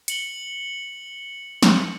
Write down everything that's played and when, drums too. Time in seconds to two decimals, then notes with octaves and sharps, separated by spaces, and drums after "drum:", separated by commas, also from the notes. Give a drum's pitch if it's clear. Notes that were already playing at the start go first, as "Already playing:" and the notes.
0.08 C#7 F#7 G7, drum: hi-hat
1.63 drum: snare